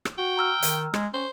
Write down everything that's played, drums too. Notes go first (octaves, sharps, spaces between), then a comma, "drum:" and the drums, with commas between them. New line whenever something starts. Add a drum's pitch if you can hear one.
drum: rim click
F#4 G5
A#5 E6 F6
D#3, drum: hi-hat
G#3, drum: rim click
C#4 C5